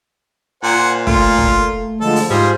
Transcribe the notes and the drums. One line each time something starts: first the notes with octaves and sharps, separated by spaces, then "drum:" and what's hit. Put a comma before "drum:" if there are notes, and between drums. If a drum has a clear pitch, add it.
A#2 C5 F#5 G#5
A3 F4, drum: kick
drum: kick
D3 F3 G#3 A4 A5
drum: open hi-hat
G#2 G3 F4 G#4 C5